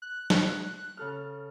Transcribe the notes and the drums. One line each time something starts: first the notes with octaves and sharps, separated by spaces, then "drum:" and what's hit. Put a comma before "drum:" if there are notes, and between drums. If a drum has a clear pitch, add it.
F#6
drum: snare
C#3 A4 F6